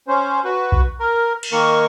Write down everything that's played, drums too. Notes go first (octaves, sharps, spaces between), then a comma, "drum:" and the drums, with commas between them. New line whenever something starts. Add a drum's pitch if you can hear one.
C#4 C5
F#4 B4
drum: kick B1
A#4
drum: cymbal
D#3 A#3 A#4 C#6